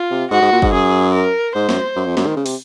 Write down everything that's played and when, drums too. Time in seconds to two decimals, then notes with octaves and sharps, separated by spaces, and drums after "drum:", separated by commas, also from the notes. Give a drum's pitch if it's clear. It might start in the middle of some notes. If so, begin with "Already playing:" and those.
Already playing: F4
0.11 C3
0.31 G#2 F#4
0.42 G#2
0.52 A#2
0.62 G#2, drum: kick F#1
0.73 F#2 G#4
1.14 A#4
1.55 G#2 C5
1.69 F#2, drum: snare
1.96 F#2
2.06 F2
2.17 F#2, drum: snare
2.27 D#3
2.37 C#3
2.46 C3, drum: open hi-hat